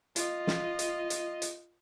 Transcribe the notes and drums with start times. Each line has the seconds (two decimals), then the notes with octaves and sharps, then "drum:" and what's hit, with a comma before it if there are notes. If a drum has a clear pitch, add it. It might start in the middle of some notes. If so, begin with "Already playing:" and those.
0.16 F4 D#5, drum: hi-hat
0.47 drum: snare
0.79 drum: hi-hat
1.10 drum: hi-hat
1.42 drum: hi-hat